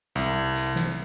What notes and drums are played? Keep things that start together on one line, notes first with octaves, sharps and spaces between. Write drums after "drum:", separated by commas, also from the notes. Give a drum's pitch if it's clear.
C2, drum: hi-hat
drum: hi-hat
drum: snare